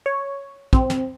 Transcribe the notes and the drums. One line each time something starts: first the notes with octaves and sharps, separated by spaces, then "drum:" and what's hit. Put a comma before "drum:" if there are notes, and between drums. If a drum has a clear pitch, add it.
C#5
C4, drum: kick
drum: snare